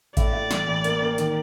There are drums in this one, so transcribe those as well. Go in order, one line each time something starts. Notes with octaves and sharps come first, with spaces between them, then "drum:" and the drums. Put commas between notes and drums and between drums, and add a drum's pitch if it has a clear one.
A2 D5, drum: kick G#1, hi-hat
A2
A1, drum: snare
A1
A#3, drum: hi-hat
A#3
D#3, drum: hi-hat